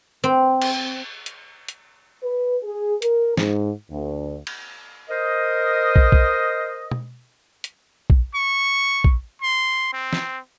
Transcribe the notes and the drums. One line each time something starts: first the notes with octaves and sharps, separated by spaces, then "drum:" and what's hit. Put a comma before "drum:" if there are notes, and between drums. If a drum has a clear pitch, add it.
C4
drum: cymbal
drum: hi-hat
drum: hi-hat
B4
G#4
A#4, drum: hi-hat
G#2, drum: snare
D2
drum: cymbal
A#4 C5 D#5
drum: kick
drum: kick
drum: tom B2
drum: hi-hat
drum: kick
C#6
drum: kick
C6
C4
drum: snare